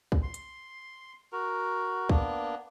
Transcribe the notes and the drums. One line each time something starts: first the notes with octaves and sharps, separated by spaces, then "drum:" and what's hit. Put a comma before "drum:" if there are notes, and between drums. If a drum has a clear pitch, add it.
drum: kick
C6
drum: hi-hat
F#4 A#4
A#3 B3 D4, drum: kick